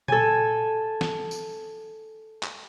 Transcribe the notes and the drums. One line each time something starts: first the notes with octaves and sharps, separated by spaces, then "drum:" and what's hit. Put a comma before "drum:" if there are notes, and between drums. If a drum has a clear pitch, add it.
A4 G#5, drum: tom A#2
drum: snare
drum: tambourine
drum: clap